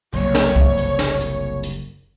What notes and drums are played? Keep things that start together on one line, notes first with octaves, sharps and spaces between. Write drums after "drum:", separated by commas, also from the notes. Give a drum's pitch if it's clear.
F#1 C2 F#3 A#3 C#5
drum: snare
drum: kick C2
drum: hi-hat
drum: snare
drum: hi-hat
drum: hi-hat